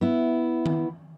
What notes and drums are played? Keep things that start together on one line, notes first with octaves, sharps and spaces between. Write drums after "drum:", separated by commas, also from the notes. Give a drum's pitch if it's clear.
B3 E4
drum: tom D#3